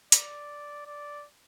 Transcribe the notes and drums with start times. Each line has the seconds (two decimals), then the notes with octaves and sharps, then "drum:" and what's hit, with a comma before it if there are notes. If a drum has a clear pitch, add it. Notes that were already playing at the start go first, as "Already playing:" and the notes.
0.12 D5, drum: hi-hat
0.87 D5